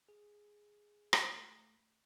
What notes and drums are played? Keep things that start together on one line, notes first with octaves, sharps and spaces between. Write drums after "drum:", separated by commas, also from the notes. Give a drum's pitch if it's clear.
G#4
A3, drum: rim click